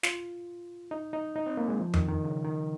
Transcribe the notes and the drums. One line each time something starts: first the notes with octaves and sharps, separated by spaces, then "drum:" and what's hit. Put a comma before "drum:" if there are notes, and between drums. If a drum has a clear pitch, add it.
F4, drum: snare
D#4
D#4
D#4
C4
A#3
G#3
F3
D#3, drum: tom F2
D#3
C#3
D#3